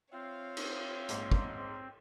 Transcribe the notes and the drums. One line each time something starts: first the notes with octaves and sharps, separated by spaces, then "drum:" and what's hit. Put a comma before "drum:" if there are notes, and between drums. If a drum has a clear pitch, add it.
C4 F4 C#5 E5 F5
drum: cymbal
A#1 G#2, drum: hi-hat
drum: kick